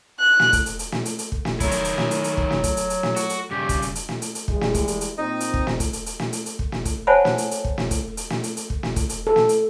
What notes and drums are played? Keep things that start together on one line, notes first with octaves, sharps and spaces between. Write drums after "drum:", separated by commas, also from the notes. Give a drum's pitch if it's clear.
F#6
drum: snare
drum: kick, hi-hat
drum: hi-hat
drum: hi-hat
drum: snare
drum: hi-hat
drum: hi-hat
drum: kick
drum: snare
D#3 F#3 E4, drum: kick, hi-hat
drum: hi-hat
drum: hi-hat
drum: snare
drum: hi-hat
drum: hi-hat
drum: kick
drum: snare
drum: kick, hi-hat
drum: hi-hat
drum: hi-hat
drum: snare
F#4, drum: hi-hat
drum: hi-hat
G2 C#3 G4
drum: kick, hi-hat
drum: hi-hat
drum: hi-hat
drum: snare
drum: hi-hat
drum: hi-hat
E3 G3 G#3, drum: kick
drum: snare
drum: kick, hi-hat
drum: hi-hat
drum: hi-hat
A#2 C4 D#4 D#5
drum: hi-hat
drum: kick
drum: snare
drum: kick, hi-hat
drum: hi-hat
drum: hi-hat
drum: snare
drum: hi-hat
drum: hi-hat
drum: kick
drum: snare
drum: kick, hi-hat
C5 C#5 F#5 G#5 A5 B5
drum: snare
drum: hi-hat
drum: hi-hat
drum: kick
drum: snare
drum: kick, hi-hat
drum: hi-hat
drum: snare
drum: hi-hat
drum: hi-hat
drum: kick
drum: snare
drum: kick, hi-hat
drum: hi-hat
A4
drum: snare
drum: hi-hat